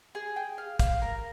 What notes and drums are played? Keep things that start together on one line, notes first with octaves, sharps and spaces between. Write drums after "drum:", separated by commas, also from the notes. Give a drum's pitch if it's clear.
G#4
G5
F5
F5, drum: kick, hi-hat
A#4